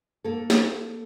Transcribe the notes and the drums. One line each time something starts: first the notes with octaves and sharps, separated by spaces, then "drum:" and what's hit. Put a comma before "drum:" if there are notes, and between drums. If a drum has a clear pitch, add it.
A#3 A4
drum: snare